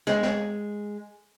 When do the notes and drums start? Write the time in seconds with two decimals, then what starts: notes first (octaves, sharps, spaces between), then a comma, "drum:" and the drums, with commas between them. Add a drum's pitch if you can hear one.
0.07 G#3, drum: snare
0.23 drum: snare